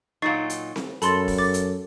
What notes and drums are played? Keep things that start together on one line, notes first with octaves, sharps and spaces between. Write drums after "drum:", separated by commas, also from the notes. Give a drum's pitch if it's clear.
A#2 F#3 D#4 C#6 A6 C7
drum: hi-hat
drum: snare C4
F#2 A4 B5 C6 A6, drum: hi-hat
drum: kick F1, open hi-hat
D6 A6
drum: hi-hat